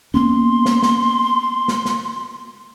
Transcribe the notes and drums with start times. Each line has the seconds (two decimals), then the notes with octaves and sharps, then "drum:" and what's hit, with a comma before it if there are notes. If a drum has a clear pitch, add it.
0.14 A#3 B3 C#4 C6
0.65 drum: snare
0.83 drum: snare
1.68 drum: snare
1.85 drum: snare